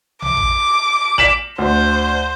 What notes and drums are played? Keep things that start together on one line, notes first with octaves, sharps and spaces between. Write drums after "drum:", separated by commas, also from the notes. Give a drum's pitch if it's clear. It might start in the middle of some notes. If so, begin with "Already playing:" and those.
D6, drum: tom A#1
drum: kick A1
B6 E7 F#7, drum: kick A1
D2 C5